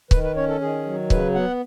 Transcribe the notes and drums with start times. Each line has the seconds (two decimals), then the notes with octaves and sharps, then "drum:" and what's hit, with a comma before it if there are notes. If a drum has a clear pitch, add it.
0.11 D#3 B4, drum: kick C#1
0.23 B4
0.36 C#4 C#5
0.48 A4
0.61 D#3 G#4
0.85 F#3
1.10 C#3 B4, drum: kick C#1
1.35 B3 F#5